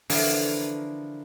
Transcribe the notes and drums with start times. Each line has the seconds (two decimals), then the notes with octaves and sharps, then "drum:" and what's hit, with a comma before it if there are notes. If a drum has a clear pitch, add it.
0.10 D3 E3 F3 E4 A#4, drum: open hi-hat